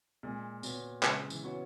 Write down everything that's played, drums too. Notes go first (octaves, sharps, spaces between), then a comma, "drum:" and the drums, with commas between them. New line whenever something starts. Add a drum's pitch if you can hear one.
A#2 G#3
A#2 B3 F#4 C#5, drum: tambourine
C#3 G#3, drum: clap
E3, drum: tambourine
B3 F#4 C#5